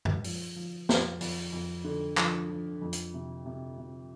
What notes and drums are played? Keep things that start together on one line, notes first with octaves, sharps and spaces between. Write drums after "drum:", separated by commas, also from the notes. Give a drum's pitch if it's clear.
drum: tom F#2
F3, drum: open hi-hat
F3
F2, drum: snare
F2, drum: open hi-hat
F2
D3
F3, drum: clap
F3
F2
drum: hi-hat
C3
C3
C3